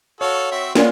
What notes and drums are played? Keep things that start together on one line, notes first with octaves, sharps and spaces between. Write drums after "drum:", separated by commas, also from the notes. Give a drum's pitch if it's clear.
F#4 A4 C#5 F5
C4 F#4 E5
G#3 A#3 B3 C#4 F4 A#4 D5, drum: snare